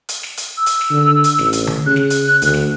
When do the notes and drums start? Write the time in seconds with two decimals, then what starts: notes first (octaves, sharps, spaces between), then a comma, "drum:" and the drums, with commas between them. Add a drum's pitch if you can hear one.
0.09 drum: hi-hat
0.23 drum: snare
0.38 drum: hi-hat
0.57 E6
0.66 drum: hi-hat
0.81 drum: snare
0.90 D3
1.24 drum: hi-hat
1.38 A1, drum: snare
1.53 drum: hi-hat
1.67 drum: tom D3
1.86 C#3 F#6
1.96 drum: snare
2.10 drum: hi-hat
2.42 D2 F#6, drum: hi-hat
2.54 drum: snare